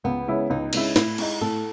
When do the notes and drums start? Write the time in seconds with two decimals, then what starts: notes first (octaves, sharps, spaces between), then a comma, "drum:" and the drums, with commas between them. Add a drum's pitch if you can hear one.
0.04 C#2 B3
0.28 C#3 G#3 C#4 E4
0.50 C#2 D#4
0.73 C#3 G#3 C#4 E4, drum: cymbal
0.96 A2 E4, drum: snare
1.18 G#3 D#4, drum: cymbal
1.41 A2 A4